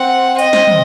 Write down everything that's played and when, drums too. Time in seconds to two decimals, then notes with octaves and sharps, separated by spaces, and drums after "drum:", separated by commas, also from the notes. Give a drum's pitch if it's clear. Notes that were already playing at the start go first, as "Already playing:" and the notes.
Already playing: C4 F#5
0.39 D#5, drum: hi-hat
0.53 drum: snare
0.68 drum: tom